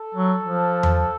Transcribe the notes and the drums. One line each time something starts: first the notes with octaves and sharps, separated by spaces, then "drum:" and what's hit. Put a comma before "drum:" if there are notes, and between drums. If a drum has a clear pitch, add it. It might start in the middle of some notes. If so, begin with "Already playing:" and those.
Already playing: A4
F#3
F3
drum: tom E2